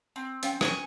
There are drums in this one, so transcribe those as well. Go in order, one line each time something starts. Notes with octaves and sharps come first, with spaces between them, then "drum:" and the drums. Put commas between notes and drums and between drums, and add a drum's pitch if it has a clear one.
C4
C#4 F5 G5, drum: hi-hat
G#5 C#6, drum: rim click